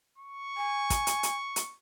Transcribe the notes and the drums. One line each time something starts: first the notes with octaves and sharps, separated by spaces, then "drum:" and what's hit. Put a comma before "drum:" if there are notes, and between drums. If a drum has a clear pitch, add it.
C#6
G#5
drum: kick, hi-hat
drum: hi-hat
drum: hi-hat
drum: hi-hat